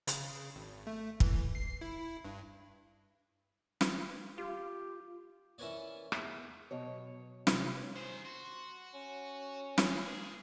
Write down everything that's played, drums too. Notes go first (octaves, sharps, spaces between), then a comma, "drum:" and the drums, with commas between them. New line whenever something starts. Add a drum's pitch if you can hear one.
C#3, drum: hi-hat
G#1
A3
E3, drum: kick
C7
E4
G2
drum: snare
F4 G4
E3 C#4 A#4 B4 C#5 D5
E2, drum: rim click
B2 F#3 C#5
C3, drum: snare
D#3 G#4 C5
F#4 C6
C#4
A#3 G#4, drum: snare